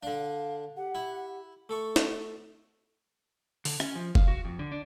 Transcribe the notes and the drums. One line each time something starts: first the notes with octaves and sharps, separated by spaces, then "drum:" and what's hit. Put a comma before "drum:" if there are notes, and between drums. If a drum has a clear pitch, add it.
D3 D4 F5
G4 F#5
E4
A3 A4 C#6
drum: snare
D3, drum: open hi-hat
C#4, drum: rim click
F3
F5, drum: kick F1
F#4
F2
D3
D4